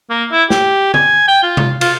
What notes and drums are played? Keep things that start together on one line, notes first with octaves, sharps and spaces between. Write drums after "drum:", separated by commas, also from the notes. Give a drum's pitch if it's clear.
A#3
E4
G4, drum: snare
G#5, drum: tom D3
G5
F4
drum: tom C3
F4, drum: cymbal